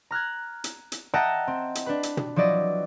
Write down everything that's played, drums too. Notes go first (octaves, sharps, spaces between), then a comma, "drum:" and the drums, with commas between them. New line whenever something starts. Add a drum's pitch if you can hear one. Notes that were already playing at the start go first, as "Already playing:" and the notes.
A#5 F6 F#6 G#6
drum: hi-hat
drum: hi-hat
D#5 E5 F#5 G5 A5 A#5
C4
drum: hi-hat
D4 B4
drum: hi-hat
drum: tom
F3 F#3 E4 D5 D#5